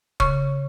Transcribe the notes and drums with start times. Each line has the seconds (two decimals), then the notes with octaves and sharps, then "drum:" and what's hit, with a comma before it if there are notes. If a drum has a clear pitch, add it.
0.20 C#3 C#6, drum: kick